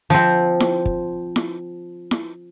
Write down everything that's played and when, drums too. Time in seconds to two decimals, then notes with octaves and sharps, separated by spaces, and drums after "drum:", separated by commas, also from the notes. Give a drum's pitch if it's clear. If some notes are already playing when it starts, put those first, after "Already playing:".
0.10 F3 C4
0.60 drum: snare E4
0.86 drum: kick
1.36 drum: snare E4
2.11 drum: snare E4